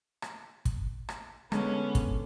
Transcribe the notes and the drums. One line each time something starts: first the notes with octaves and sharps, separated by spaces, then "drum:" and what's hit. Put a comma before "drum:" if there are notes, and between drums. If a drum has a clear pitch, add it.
drum: rim click
drum: kick, hi-hat
drum: rim click
D3 G#3 B3 C#4, drum: rim click
drum: kick, hi-hat